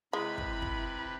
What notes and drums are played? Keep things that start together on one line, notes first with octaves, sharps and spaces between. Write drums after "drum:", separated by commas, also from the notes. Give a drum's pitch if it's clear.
C3 G#3 E4 B4 B5
drum: kick
drum: kick